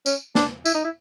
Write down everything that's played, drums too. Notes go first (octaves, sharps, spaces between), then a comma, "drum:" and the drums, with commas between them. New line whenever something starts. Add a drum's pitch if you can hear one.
C#4, drum: tambourine
D4, drum: snare A#3
E4, drum: tambourine
D#4
E4